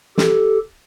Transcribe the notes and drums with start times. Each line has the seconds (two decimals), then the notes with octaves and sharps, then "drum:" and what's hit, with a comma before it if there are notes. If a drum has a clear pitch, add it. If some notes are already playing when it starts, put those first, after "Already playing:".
0.18 G4 A4, drum: snare